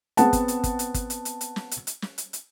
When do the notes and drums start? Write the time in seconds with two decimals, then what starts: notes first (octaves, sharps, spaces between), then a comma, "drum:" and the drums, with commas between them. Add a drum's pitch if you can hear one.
0.17 B3 C4 G#4 F#5 A5, drum: hi-hat
0.33 drum: kick, hi-hat
0.48 drum: hi-hat
0.64 drum: kick, hi-hat
0.79 drum: hi-hat
0.94 drum: kick, hi-hat
1.10 drum: hi-hat
1.25 drum: hi-hat
1.41 drum: hi-hat
1.56 drum: snare
1.71 drum: hi-hat
1.87 drum: hi-hat
2.02 drum: snare
2.18 drum: hi-hat
2.33 drum: hi-hat